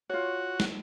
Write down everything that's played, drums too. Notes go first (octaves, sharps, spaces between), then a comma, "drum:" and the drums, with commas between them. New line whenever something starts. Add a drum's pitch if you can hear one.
F4 F#4 C#5
drum: snare